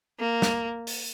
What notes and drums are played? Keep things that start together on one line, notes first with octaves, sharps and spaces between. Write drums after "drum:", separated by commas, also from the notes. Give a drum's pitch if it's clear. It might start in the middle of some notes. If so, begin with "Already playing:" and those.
A#3
drum: snare
drum: open hi-hat